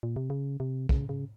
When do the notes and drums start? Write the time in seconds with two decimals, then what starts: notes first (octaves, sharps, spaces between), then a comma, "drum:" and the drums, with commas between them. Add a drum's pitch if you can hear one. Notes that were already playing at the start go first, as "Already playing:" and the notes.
0.03 A#2
0.16 C3
0.30 C#3
0.60 C3
0.89 C#3, drum: kick
1.09 C#3